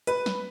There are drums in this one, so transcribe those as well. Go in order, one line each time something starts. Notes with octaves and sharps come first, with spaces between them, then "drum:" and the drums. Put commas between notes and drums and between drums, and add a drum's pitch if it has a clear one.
B4, drum: hi-hat
drum: snare